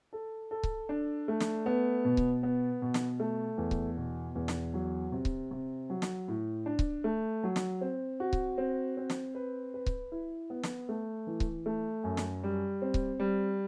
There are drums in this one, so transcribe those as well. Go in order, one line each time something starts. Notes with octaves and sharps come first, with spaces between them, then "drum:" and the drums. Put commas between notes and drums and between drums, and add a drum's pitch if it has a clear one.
A4
A4
drum: kick C#1
D4
A3
drum: snare
B3
B2
drum: kick C#1
B3
B2
drum: snare
A3
E2
drum: kick C#1
B2
E2
drum: snare
F#3
C3
drum: kick C#1
C3
F#3
drum: snare
A2
D4
drum: kick C#1
A3
F#3
drum: snare
C4
F#4
drum: kick C#1
C4
C4
drum: snare
B4
B4
drum: kick C#1
E4
B3
drum: snare
A3
E3
drum: kick C#1
A3
F#2
drum: snare
G3
C4
drum: kick C#1
G3